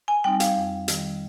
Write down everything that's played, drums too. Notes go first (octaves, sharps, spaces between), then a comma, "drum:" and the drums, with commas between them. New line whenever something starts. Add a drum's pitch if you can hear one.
G#5
G3 C4 D#4 G5
F5, drum: hi-hat
F2
D#3 G3, drum: hi-hat